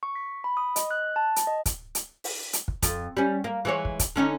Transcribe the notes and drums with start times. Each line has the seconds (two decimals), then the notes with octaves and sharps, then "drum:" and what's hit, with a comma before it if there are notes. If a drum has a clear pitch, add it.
0.03 C#6
0.15 B6
0.44 B5
0.57 D#6
0.76 D#5, drum: hi-hat
0.91 F#6
1.16 A5
1.36 drum: hi-hat
1.47 D#5
1.66 drum: kick, hi-hat
1.95 drum: hi-hat
2.24 drum: open hi-hat
2.53 drum: hi-hat
2.68 drum: kick
2.82 F2, drum: kick, hi-hat
3.17 G3 C#4
3.44 A#3
3.65 E3 G#3 C#5
3.85 drum: kick
3.99 drum: kick, hi-hat
4.16 D3 C#4 D#4